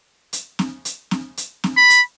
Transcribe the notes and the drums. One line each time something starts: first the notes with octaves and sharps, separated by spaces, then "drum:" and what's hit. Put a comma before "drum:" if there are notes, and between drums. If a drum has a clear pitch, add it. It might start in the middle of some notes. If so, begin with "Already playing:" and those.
drum: hi-hat
drum: snare C4
drum: hi-hat
drum: snare C4
drum: hi-hat
drum: snare C4
B5
drum: hi-hat